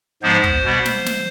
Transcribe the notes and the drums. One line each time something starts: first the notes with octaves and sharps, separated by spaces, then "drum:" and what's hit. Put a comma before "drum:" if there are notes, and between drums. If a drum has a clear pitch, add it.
G#2 F3 G#3 B3 C5
drum: kick
B2 G3 B3
drum: snare
drum: snare